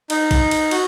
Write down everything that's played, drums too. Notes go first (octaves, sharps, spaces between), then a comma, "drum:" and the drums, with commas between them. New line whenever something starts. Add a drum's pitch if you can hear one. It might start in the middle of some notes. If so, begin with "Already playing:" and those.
D#4, drum: cymbal
drum: kick, cymbal
drum: cymbal
F#4, drum: cymbal